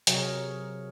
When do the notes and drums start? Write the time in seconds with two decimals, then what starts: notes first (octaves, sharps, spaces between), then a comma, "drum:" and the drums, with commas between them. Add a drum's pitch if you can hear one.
0.07 C3 F#3 G#4 A#4 C#5, drum: hi-hat